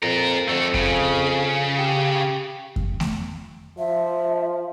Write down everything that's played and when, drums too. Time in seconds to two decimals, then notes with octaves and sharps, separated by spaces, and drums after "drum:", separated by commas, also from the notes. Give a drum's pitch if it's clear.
0.03 F2 F4 A#4
0.49 F2 A3 F#4
0.74 C#3, drum: kick F2
1.78 G4
2.76 drum: kick F2
3.00 drum: snare A3
3.78 F3 E5